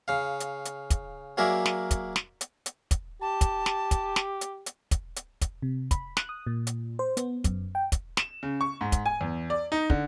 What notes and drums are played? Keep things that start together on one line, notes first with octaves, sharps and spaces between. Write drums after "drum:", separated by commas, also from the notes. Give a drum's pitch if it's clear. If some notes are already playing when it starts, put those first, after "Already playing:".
C#3 F5
drum: hi-hat
drum: hi-hat
drum: kick, hi-hat
F#3 A#3 G#4 A#4 D5 E5
drum: snare
drum: kick, hi-hat
drum: snare
drum: hi-hat
drum: hi-hat
drum: kick, hi-hat
G4 A5
drum: kick, hi-hat
drum: snare
drum: kick, hi-hat
drum: snare
drum: hi-hat
drum: hi-hat
drum: kick, hi-hat
drum: hi-hat
drum: kick, hi-hat
C3
B5, drum: kick, hi-hat
F#6, drum: snare
D#6
A#2
drum: hi-hat
C5
B3, drum: hi-hat
F#2, drum: kick, hi-hat
G5
drum: kick, hi-hat
E7, drum: snare
C#3
C#6
G#2
drum: kick, hi-hat
G#5
E2
D5
D#4
D3, drum: kick